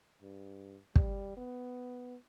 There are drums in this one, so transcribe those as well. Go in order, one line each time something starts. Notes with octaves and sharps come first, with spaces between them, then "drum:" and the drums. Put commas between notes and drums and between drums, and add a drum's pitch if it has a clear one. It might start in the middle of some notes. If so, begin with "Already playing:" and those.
G2
G3, drum: kick
B3